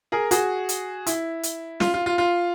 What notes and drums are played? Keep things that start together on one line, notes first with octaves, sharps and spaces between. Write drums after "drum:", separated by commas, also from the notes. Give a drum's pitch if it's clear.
G#4 A#4
F#4 G#4, drum: hi-hat
drum: hi-hat
E4, drum: hi-hat
drum: hi-hat
F4, drum: snare
F4
F4
F4